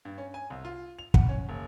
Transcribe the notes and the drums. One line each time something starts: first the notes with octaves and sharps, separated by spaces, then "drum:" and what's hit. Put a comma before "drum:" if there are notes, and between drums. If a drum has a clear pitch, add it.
G2
C#4
G#5
C2
F4
F7
F#5, drum: kick
C#4
F#1